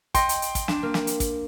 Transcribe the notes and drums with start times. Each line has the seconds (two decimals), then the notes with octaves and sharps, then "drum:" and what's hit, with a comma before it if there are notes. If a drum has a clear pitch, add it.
0.14 D#5 G5 C6 C#7, drum: kick, hi-hat
0.29 drum: hi-hat
0.42 drum: hi-hat
0.55 drum: kick, hi-hat
0.68 D4, drum: snare
0.83 A#3
0.94 drum: snare
1.07 drum: hi-hat
1.20 drum: kick, hi-hat